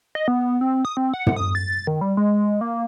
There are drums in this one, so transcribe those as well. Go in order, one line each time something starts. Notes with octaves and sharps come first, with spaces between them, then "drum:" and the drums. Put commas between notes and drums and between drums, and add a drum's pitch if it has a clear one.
D#5
B3
C4
D#6
C4
F#5
drum: tom
D#6
A6
D#3
G3
G#3
A#3